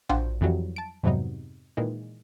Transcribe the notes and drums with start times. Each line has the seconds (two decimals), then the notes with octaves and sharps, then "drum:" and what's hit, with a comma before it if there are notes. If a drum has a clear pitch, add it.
0.09 D4 F4 F#4 C5 G5, drum: tom A#1
0.41 F2 E3 F#3 G3
0.76 A5 D7
1.04 F2 G#2 C3 F#3 B3 D#4
1.77 A#2 D#3 E3 G#3